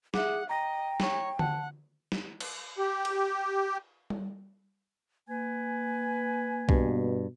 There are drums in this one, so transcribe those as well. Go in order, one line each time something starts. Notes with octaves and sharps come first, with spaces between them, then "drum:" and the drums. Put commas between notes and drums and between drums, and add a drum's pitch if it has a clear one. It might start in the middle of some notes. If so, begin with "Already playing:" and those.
G#4 E5 F#5 D6, drum: snare
D#5 G5 A#5 A#6
C#5, drum: snare
F#5 A5, drum: tom D3
drum: snare
drum: cymbal
G4
drum: cymbal
drum: tom G3
A#3 B4 G#5
G2 B2, drum: kick B1